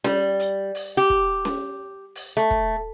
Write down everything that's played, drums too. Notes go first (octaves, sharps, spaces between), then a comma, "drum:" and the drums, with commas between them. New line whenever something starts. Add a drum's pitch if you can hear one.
G3, drum: snare C#4
drum: hi-hat
drum: open hi-hat
G4
drum: kick
drum: snare C#4
drum: open hi-hat
A3
drum: kick